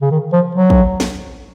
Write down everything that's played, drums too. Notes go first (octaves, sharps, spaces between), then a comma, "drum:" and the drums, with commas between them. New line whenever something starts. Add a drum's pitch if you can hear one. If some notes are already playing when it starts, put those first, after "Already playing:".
C#3
D#3
F3
F#3
drum: kick
drum: snare